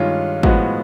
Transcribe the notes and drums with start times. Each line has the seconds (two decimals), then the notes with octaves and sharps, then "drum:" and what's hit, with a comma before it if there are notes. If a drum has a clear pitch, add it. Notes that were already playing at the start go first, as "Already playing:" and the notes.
Already playing: G2 D#3 G#3 C#4 F4
0.43 A2 F3 G#3 B3 F#4, drum: kick G#1